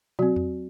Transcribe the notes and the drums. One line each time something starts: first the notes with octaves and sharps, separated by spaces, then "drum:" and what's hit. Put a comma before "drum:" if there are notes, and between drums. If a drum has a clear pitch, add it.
F#3 C4 F#4, drum: tom
drum: tom E2